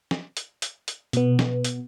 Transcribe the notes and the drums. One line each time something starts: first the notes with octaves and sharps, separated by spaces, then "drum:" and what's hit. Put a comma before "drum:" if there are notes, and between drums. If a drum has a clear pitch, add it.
drum: snare
drum: hi-hat
drum: hi-hat
drum: hi-hat
B2 B3, drum: hi-hat
drum: snare
drum: hi-hat